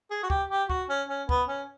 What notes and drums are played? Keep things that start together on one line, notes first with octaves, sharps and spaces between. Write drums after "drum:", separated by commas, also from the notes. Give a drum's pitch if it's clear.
G#4
F#4
G4, drum: kick
G4
F#4, drum: kick
C#4
C#4
B3, drum: kick
C#4